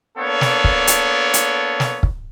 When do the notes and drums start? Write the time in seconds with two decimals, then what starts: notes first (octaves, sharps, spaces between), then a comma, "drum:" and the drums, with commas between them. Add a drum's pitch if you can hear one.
0.18 A#3 B3 D4 A4 C#5
0.41 drum: snare
0.64 drum: kick
0.87 drum: hi-hat
1.34 drum: hi-hat
1.80 drum: snare
2.03 drum: kick